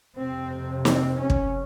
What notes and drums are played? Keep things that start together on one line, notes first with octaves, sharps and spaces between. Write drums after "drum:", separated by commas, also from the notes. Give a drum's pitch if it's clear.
F2 C3 C4
C4, drum: snare
C#4
drum: kick